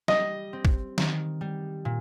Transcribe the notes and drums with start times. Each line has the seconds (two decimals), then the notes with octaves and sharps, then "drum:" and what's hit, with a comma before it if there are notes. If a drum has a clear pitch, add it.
0.08 G3 D#5, drum: snare
0.53 C4
0.65 drum: kick
0.98 D#3, drum: snare
1.41 G3
1.85 A#2